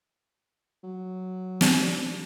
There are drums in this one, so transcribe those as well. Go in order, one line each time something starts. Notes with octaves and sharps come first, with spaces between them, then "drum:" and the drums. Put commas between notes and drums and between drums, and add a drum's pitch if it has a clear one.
F#3
D4, drum: snare